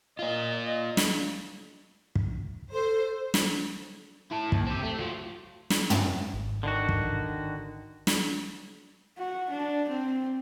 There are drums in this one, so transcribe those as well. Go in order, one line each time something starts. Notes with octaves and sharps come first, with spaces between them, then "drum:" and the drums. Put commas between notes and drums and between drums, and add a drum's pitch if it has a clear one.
A#3 F4 D#5
drum: snare
drum: kick
A4 C5
drum: snare
E4 A4
D#2, drum: kick
C4 G4
A3
F#3 F4
drum: snare
drum: tom
G#1
D3 D#3 F#4
drum: kick
drum: snare
F#4
D4
C4